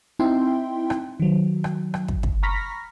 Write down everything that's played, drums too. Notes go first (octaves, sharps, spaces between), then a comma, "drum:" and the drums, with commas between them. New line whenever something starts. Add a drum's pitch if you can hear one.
C4 D#4 E4 E5 G5 C6
drum: rim click
D#3 F#3
drum: rim click
drum: rim click
drum: kick
drum: kick
A#5 B5 C#6 F6 A#6 B6